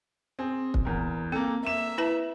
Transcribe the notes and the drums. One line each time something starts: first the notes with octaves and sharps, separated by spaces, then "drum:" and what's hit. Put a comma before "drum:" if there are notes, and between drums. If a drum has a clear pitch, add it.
C4 G#4
drum: kick
E2 A#4
A#3 C4 A4
A#3 E5 E7
E4 B4 A5